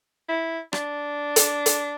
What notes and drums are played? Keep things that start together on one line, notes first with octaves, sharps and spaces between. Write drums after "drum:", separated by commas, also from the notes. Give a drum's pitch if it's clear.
E4
D4, drum: rim click
drum: hi-hat
drum: hi-hat